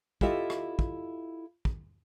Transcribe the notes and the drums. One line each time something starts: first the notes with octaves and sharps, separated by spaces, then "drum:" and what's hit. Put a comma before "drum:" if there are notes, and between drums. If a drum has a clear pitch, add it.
E4 F4 G4 A4 D#5 E5, drum: kick
drum: rim click
drum: kick
drum: kick